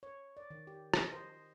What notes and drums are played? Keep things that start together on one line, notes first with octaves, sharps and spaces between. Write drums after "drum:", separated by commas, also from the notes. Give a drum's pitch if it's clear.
C#5
D5
D#3
G4
D#5, drum: rim click
C5